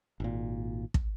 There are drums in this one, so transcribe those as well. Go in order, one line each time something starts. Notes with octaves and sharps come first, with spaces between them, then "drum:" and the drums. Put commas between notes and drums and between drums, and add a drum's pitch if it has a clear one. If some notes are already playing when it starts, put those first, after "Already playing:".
G#1 A#2
drum: kick